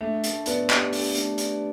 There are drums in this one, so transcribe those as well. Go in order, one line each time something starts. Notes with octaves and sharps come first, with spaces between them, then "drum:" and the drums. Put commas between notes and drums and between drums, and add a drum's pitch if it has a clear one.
A3 D4
A3, drum: hi-hat
B3 D5, drum: hi-hat
G4, drum: clap
D4, drum: open hi-hat
A3, drum: hi-hat
D5, drum: hi-hat